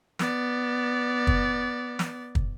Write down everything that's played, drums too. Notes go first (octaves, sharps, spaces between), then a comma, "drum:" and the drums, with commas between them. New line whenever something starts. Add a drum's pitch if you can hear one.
B3 D5, drum: snare
drum: kick
drum: snare
drum: kick